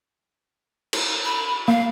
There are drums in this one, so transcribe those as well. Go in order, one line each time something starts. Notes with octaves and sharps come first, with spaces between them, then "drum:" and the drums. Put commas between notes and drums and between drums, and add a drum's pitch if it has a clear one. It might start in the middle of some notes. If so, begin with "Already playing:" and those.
drum: cymbal
B5
A#3 F5